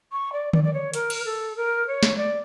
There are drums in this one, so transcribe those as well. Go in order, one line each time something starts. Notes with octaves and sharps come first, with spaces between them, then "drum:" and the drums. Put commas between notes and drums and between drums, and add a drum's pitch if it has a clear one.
C#6
D5
D5, drum: tom D3
D5
C#5
A#4, drum: hi-hat
drum: cymbal
A4
A#4
C#5
drum: snare
D5